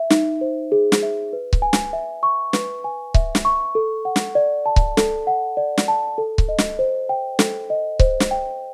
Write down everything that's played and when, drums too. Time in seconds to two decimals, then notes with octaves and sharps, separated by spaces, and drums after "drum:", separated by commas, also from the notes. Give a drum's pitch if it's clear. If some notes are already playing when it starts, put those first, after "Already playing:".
Already playing: E5
0.10 D#4, drum: snare
0.41 C5
0.72 G#4
0.92 drum: snare
1.03 E5
1.33 B4
1.53 drum: kick C#1
1.62 G#5
1.73 drum: snare
1.93 E5
2.23 C#6
2.53 B4, drum: snare
2.84 G#5
3.14 E5, drum: kick C#1
3.35 drum: snare
3.45 C#6
3.75 A4
4.05 F#5
4.16 drum: snare
4.35 D5
4.66 A5
4.76 drum: kick C#1
4.97 A4, drum: snare
5.27 F#5
5.57 D5
5.77 drum: snare
5.88 A5
6.18 A4
6.38 drum: kick C#1
6.49 D#5
6.58 drum: snare
6.79 C5
7.09 G5
7.39 A4, drum: snare
7.70 D#5
7.99 C5, drum: kick C#1
8.20 drum: snare
8.31 G5